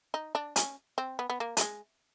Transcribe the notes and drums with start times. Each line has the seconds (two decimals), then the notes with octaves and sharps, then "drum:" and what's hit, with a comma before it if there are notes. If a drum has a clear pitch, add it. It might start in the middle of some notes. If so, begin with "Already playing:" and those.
0.14 D#4
0.35 D4
0.56 C#4, drum: hi-hat
0.98 C4
1.19 B3
1.30 B3
1.40 A#3
1.57 A3, drum: hi-hat
1.61 G#3